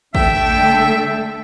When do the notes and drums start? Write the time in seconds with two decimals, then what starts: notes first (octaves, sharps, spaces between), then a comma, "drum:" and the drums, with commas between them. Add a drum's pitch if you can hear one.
0.15 D3 A3 A4 E5 G5, drum: kick